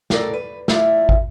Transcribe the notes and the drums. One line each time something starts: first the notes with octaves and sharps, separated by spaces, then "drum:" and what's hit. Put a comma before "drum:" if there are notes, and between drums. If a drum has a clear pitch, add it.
A2 C#3 A4 A#4 D5, drum: snare
B4
A3 E4 F4 D5, drum: snare
drum: kick